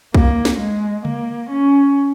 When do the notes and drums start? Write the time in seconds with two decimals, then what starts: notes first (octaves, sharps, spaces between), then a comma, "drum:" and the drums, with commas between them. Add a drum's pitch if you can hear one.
0.14 A#3, drum: kick
0.45 drum: snare
0.60 G#3
1.05 A#3, drum: tom C#3
1.50 C#4